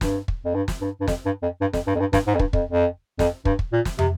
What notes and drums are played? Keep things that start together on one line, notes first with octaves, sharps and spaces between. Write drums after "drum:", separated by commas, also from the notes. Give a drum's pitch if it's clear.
G2, drum: snare
drum: kick
F2
G2
drum: snare
G2
G2
F2, drum: snare
G2
F2
G2
F2, drum: snare
G2
F2
G2
G2, drum: snare
G#2
F2
G2, drum: kick
F2, drum: kick
F2
F2, drum: snare
G2, drum: kick
drum: kick
A#2
drum: snare
C3, drum: tom